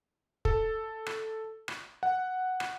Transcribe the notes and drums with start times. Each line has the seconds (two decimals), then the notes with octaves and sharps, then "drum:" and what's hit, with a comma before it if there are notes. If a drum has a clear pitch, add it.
0.45 A4, drum: kick
1.06 drum: rim click
1.68 drum: rim click
2.03 F#5
2.60 drum: rim click